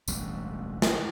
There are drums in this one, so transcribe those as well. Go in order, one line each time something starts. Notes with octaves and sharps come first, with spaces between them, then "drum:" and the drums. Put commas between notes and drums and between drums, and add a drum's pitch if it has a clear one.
E1 A1 D2 G3, drum: tambourine
drum: snare